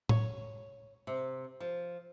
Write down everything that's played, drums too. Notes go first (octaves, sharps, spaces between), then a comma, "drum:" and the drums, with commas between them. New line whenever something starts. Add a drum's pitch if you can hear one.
C#5, drum: tom A2
C3
F3